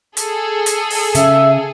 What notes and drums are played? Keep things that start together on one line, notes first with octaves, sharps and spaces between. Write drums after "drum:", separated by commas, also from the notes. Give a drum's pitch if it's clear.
G#4 A4, drum: hi-hat
drum: hi-hat
drum: open hi-hat
C#3 E5, drum: hi-hat